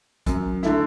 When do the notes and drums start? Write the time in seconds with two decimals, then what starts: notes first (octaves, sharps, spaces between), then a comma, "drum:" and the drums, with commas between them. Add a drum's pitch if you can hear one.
0.26 F#2, drum: kick A#1, hi-hat
0.63 D3 A3 E4, drum: snare